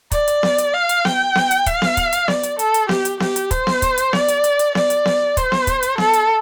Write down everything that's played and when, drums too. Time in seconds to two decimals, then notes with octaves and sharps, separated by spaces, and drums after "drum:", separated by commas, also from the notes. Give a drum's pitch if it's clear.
0.11 D5, drum: kick, hi-hat
0.28 drum: hi-hat
0.43 drum: snare B3
0.58 drum: hi-hat
0.73 F5
0.89 drum: hi-hat
1.05 G5, drum: snare B3
1.35 drum: snare B3
1.51 drum: hi-hat
1.66 F5, drum: kick, hi-hat
1.82 drum: snare B3
1.97 drum: kick, hi-hat
2.13 drum: hi-hat
2.28 D5, drum: snare B3
2.43 drum: hi-hat
2.59 A4, drum: hi-hat
2.74 drum: hi-hat
2.89 G4, drum: snare B3
3.05 drum: hi-hat
3.20 G4, drum: snare B3
3.36 drum: hi-hat
3.51 C5, drum: kick, hi-hat
3.67 drum: snare B3
3.82 drum: kick, hi-hat
3.98 drum: hi-hat
4.13 D5, drum: snare B3
4.28 drum: hi-hat
4.44 drum: hi-hat
4.59 drum: hi-hat
4.75 D5, drum: snare B3
4.90 drum: hi-hat
5.05 drum: snare B3
5.37 C5, drum: kick, hi-hat
5.52 drum: snare B3
5.67 drum: kick, hi-hat
5.83 drum: hi-hat
5.98 A4, drum: snare B3
6.13 drum: hi-hat